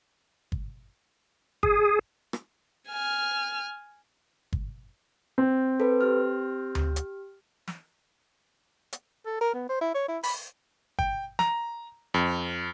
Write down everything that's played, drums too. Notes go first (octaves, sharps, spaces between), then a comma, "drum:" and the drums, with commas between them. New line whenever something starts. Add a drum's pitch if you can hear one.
drum: kick G1
G#4, drum: kick G1
drum: rim click
G#5 F6
drum: kick G1
C4
A4 B4
G4 F6
drum: tom D2
drum: hi-hat
drum: snare
drum: hi-hat
A4
A#4
B3
C5
E4
C#5
E4
B5, drum: open hi-hat
G5, drum: kick G1
A#5, drum: snare
F2